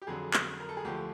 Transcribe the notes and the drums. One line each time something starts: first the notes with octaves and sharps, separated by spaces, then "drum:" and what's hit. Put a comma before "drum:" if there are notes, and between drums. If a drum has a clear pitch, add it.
G4
F2 D3 F#3 G#4
drum: clap
A#4
A4
G#4
D2 D3 F3 G4